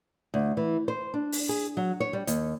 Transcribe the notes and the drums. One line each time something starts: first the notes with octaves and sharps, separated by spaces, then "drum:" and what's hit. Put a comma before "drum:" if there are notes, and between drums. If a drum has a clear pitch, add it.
D2
E3
C5
D4
drum: open hi-hat
G#4
F#3
C#5
G3
D#2, drum: hi-hat